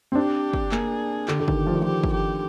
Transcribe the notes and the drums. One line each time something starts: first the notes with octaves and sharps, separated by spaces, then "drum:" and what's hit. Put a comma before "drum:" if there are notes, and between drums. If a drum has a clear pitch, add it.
C4
D4 G4
drum: kick
A#3 G#4, drum: clap
D3 G4, drum: clap
D3
D#3, drum: kick
F3
D#3
F3 G4
drum: kick
G4